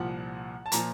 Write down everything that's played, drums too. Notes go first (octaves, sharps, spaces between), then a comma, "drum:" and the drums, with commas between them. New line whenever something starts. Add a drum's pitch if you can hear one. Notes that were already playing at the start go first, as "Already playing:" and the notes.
Already playing: C2 A#2 F3 F#5
A5
A#2 F3 A#5, drum: hi-hat